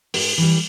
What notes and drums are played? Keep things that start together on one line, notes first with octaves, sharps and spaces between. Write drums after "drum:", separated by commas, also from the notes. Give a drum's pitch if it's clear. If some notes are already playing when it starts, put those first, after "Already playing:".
G#2, drum: open hi-hat
E3 G3